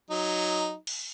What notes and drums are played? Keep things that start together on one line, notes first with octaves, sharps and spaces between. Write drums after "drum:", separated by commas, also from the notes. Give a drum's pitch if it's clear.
F#3 D#4
drum: cymbal